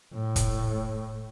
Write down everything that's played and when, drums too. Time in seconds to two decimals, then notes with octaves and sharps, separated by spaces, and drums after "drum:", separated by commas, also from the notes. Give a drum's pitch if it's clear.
0.14 A2
0.36 drum: kick, hi-hat